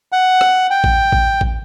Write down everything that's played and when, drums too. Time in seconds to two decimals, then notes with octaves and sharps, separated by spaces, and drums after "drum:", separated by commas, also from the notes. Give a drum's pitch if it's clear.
0.12 F#5
0.41 drum: rim click
0.71 G5
0.84 drum: kick A1
1.12 drum: kick A1
1.41 drum: kick A1